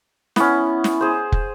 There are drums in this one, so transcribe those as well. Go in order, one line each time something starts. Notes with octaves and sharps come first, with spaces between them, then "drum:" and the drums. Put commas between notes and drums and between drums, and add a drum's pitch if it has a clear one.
B3 C#4 E4, drum: snare
drum: snare
G#4 C5
drum: kick